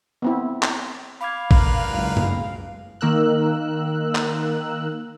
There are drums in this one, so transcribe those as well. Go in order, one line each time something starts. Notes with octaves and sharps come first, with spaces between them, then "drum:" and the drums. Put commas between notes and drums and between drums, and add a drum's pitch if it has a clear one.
B3 C4 E4
drum: clap
F5 B5 D6 G#6
D3 A#4 B4, drum: kick
F#1 C#2
drum: tom
D#3 A#3 A#4 E6 F#6
drum: clap